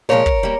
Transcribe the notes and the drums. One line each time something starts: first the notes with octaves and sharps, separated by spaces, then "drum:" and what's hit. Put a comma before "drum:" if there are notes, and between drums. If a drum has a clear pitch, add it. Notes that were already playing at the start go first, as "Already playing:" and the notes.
A#2 F3 G#3 A#4 C#5
drum: kick
G3 A#3